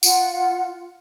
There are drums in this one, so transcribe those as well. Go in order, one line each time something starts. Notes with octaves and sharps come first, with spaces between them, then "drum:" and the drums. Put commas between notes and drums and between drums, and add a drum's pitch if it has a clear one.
F4 F#5, drum: tambourine